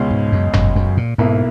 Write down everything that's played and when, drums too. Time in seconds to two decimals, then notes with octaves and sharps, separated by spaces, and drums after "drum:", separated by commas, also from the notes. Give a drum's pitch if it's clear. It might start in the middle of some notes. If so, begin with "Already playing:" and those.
Already playing: C#2 B2 G#3 C#4
0.11 G#2
0.32 F#2
0.53 F#2, drum: tom F#1
0.75 F#2
0.97 A#2
1.18 B1 G#2 B2 A#3 E4